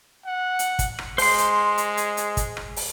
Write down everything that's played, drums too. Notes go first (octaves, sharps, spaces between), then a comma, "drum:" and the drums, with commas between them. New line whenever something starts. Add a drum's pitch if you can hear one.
F#5
drum: hi-hat
drum: kick, hi-hat
drum: rim click
G#3 C5 C6, drum: open hi-hat
drum: hi-hat
drum: hi-hat
drum: hi-hat
drum: hi-hat
drum: kick, hi-hat
drum: rim click
drum: open hi-hat